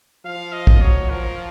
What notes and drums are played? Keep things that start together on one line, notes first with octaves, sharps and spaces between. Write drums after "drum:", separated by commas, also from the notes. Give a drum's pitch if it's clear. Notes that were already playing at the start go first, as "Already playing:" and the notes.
F3 F5
D#5
drum: kick
F#3 C#5
F3 A#4